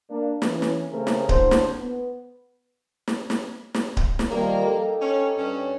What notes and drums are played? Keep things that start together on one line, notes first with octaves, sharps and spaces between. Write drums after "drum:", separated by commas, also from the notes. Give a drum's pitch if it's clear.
A#3 D4
E3 C#4, drum: snare
drum: snare
C#3 A3 C4 G4 G#4 A#4
drum: snare
C#2 A2 D3 C5, drum: kick D1
drum: snare
B3
drum: snare
drum: snare
drum: snare
drum: kick D1
drum: snare
D#3 F3 G3 A#3
D#4 G4 A4
C#4
G2 C#4